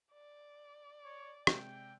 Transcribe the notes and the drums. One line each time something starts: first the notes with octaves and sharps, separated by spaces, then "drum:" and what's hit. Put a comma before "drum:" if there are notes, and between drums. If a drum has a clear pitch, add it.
D5
C#5
C3 G#3 G5, drum: rim click